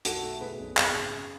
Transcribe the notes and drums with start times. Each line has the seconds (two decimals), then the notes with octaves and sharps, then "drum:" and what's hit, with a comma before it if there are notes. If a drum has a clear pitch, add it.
0.05 B1 F#4 A4, drum: hi-hat
0.23 A3
0.41 B2 G#4 B4
0.59 B1
0.77 G#1 G#4, drum: clap
0.95 C#3
1.13 F#2